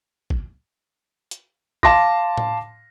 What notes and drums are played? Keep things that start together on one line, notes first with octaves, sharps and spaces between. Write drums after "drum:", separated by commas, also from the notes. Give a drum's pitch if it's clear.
drum: kick G#1
drum: hi-hat
F5 A5 C6 D6 A#6, drum: kick G#1
drum: tom A2